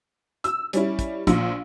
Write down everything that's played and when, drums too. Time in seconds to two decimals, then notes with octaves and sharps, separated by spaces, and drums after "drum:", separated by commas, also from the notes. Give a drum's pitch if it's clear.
0.44 E6, drum: hi-hat
0.73 G3 C#4 E4, drum: hi-hat
0.99 drum: kick, hi-hat
1.27 A#1 A#2, drum: kick, hi-hat